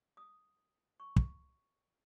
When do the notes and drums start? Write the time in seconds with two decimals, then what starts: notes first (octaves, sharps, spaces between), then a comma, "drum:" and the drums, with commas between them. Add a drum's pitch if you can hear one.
0.17 D#6
1.00 C#6
1.16 drum: kick